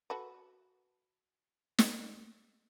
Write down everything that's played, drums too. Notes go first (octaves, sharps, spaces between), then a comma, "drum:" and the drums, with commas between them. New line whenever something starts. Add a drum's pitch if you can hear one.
F#4 A4 B4
drum: snare